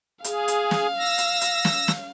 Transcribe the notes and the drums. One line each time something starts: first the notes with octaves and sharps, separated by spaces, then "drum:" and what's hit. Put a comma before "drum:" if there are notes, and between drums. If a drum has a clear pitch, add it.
G#4 F5, drum: hi-hat
drum: hi-hat
drum: snare
E6 A#6
drum: hi-hat
drum: hi-hat
drum: snare
drum: snare